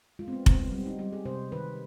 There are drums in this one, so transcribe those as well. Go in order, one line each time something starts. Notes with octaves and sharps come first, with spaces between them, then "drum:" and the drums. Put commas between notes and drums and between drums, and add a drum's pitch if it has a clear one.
G#3 F4
C4
B3
G#3 C4, drum: kick F1
B3
C4
G3 C4
D#4
G3 G4
G#4
C3 C5
D#3 B4